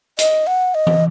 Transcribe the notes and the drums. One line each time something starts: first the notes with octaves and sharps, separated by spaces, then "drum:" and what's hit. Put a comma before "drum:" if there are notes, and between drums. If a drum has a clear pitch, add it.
D#5, drum: hi-hat
F#5
D#5
drum: tom E3